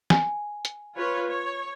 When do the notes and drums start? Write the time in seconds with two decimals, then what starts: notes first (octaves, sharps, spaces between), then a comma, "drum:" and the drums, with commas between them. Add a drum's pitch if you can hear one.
0.10 G#5, drum: snare
0.65 drum: hi-hat
0.96 F4 B4 C#5
1.28 C#5